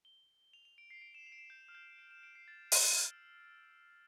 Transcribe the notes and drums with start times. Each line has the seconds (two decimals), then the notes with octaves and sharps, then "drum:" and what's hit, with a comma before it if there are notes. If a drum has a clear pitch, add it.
0.05 G7
0.53 F7
0.65 F7
0.78 D7
0.90 C7
1.02 D7
1.14 E7
1.26 F7
1.32 D7
1.38 E7
1.50 G6
1.68 F6
1.75 G6
1.99 D7
2.11 E7
2.23 D7
2.35 C7
2.48 A6
2.72 E6, drum: open hi-hat
2.96 F6